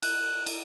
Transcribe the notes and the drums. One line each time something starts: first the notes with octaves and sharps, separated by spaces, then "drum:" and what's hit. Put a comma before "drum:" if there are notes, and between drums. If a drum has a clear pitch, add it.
F#6, drum: cymbal
drum: cymbal